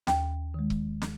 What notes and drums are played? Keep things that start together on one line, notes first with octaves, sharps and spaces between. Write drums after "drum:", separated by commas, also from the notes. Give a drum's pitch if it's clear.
D#2 G5, drum: snare
D#3 G#3
drum: kick C#1
drum: snare